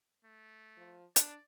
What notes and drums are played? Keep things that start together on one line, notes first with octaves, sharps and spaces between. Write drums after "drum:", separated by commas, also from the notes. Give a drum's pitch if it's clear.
A3
F3
D4 D5, drum: hi-hat